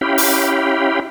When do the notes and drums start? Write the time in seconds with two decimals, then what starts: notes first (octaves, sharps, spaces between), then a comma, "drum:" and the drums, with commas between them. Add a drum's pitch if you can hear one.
0.01 C#4 E4 G4 F5 G5 B5
0.18 drum: open hi-hat